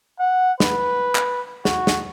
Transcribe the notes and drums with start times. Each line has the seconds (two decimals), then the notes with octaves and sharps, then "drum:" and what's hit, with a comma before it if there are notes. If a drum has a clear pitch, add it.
0.20 F#5
0.60 B4, drum: snare
1.15 drum: clap
1.65 F#4, drum: snare
1.87 drum: snare